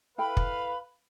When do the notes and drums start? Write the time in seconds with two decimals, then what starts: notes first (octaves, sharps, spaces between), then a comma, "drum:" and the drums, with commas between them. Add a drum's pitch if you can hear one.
0.18 E4 A4 B4 F5 G5 B5
0.37 drum: kick